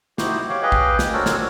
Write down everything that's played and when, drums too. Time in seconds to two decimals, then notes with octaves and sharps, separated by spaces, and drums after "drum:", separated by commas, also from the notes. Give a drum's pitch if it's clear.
0.18 D#4 E4 F#4 G4 C5, drum: snare
0.50 G4 C#5 F5 G5
0.62 G4 G#4 B4 D#5 F5 G5
0.72 drum: kick B1
0.99 drum: snare
1.13 C4 D4 F#4 A4 A#4 C#5
1.26 drum: snare